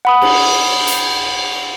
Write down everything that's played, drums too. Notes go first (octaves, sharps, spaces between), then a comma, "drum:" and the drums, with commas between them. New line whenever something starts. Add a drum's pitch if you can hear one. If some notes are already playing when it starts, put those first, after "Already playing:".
F#5 B5 D#6
drum: cymbal
drum: hi-hat